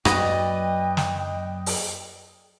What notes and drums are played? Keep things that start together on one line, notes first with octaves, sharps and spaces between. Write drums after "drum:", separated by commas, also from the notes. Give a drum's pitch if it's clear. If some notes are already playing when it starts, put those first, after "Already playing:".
F#2 F#3 A#3 F#4 B4 D5 D#5 G5, drum: rim click
drum: snare
drum: open hi-hat